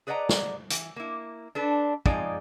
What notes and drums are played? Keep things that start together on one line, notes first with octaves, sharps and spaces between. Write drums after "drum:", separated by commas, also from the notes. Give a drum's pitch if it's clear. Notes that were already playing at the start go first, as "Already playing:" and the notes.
G#4 B4 D5 D#5 F#5 A#5
drum: snare
E3, drum: hi-hat
A#3 E4
D4 A4 B4
F3 G#3 C4 D#4 G#4 D5, drum: kick